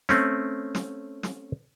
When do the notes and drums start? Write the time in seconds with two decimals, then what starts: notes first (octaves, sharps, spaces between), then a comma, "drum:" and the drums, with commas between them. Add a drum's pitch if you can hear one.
0.09 A3 C4 C#4, drum: snare
0.75 drum: snare
1.23 drum: snare